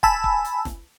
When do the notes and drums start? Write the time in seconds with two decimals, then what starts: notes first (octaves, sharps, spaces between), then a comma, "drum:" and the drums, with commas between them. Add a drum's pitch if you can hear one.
0.03 G#5 A5 B5 E6, drum: kick
0.24 drum: kick
0.45 drum: hi-hat
0.65 drum: snare